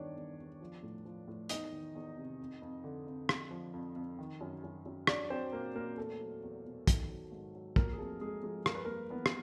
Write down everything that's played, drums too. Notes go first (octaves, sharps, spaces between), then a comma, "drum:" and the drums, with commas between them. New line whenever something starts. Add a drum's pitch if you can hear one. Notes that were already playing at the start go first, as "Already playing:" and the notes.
Already playing: E2 G2 D#3 D4 C#5 D5
E2
E2
F3
A2
F3
A2
E2 D#4 D#5, drum: hi-hat
D#3
E2
C3
F2
F2
D3
F2
F2, drum: rim click
F3
F2
F2
D#3
F#2
F#2
F#2
F#3 D4 D5, drum: rim click
F#3 C4 C5
A#2 A#3 A#4
A#2 A#3 A#4
E2 A3 A4
F#3
E2
B2
D#3, drum: kick, hi-hat
F#3
G#2
F#3
F3 A#3 A#4, drum: kick
G#4
F2 A3 A4
F2 G#3 G#4
F3 G#3 G#4
G2 A#4, drum: rim click
B4
G2 A#3 A#4
E3 B3 B4
drum: rim click